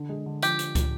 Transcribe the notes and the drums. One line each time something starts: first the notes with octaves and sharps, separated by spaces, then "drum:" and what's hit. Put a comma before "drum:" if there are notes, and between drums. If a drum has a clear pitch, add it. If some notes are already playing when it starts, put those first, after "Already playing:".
Already playing: D3
G#3
D3
F3 G4, drum: hi-hat
drum: hi-hat
drum: kick, hi-hat